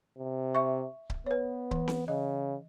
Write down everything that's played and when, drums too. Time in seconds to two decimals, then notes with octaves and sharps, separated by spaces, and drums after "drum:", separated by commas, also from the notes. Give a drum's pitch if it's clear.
0.18 C3
0.55 E5 C#6
1.10 drum: kick C#1
1.26 B3 B4 C#5
1.71 E3, drum: kick C#1
1.88 drum: snare C4
2.08 C#3 D#5